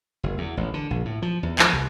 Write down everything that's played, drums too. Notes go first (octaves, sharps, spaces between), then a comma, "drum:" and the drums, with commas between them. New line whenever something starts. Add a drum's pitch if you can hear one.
F#1
E2
A1
D3
A#1
A2
F3
E2
F3, drum: clap
C2